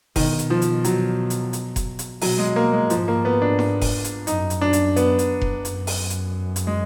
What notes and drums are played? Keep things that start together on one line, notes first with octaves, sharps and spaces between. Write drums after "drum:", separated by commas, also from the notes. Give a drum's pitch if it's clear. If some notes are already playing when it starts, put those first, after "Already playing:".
B2 D#3, drum: kick F1, open hi-hat
drum: hi-hat
F3
drum: hi-hat
F#3, drum: hi-hat
drum: hi-hat
drum: hi-hat
drum: kick F1, hi-hat
drum: hi-hat
B2 F#3, drum: open hi-hat
G#3
A#3
G#3
G#2 F3, drum: hi-hat
A#3
B3
D4
drum: snare E4
drum: kick F1, open hi-hat
drum: hi-hat
F#2 D#4, drum: hi-hat
drum: hi-hat
D4
drum: hi-hat
B3, drum: hi-hat
drum: hi-hat
drum: kick F1
F#2, drum: hi-hat
drum: open hi-hat
drum: hi-hat
drum: hi-hat
G#3